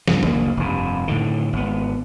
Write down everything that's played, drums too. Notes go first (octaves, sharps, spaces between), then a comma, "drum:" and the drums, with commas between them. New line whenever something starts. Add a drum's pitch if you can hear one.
G2 C#3 F3, drum: snare
F#1 D2 A#3, drum: tom E3
F1 G2
A2 D3 D#3
G#1 B3